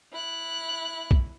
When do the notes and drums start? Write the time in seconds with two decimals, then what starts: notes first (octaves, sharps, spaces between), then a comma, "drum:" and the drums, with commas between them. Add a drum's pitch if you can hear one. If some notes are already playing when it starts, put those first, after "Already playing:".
0.13 E4 F#6
1.11 drum: kick B1